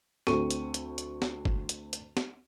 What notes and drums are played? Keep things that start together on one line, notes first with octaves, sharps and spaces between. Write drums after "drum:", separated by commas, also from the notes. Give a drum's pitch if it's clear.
D2 C4 A4 C#6 D#7, drum: snare
drum: hi-hat
drum: hi-hat
drum: hi-hat
drum: snare
drum: kick G1
drum: hi-hat
drum: hi-hat
drum: snare